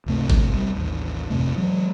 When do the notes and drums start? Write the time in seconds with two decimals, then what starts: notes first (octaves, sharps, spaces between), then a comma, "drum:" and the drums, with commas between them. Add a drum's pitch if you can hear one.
0.06 C#2 G2 C3 A3
0.30 drum: kick
0.51 B1 G3
0.75 A1 D#2
1.30 A1 F2 C3 A3
1.57 E3 F#3 G#3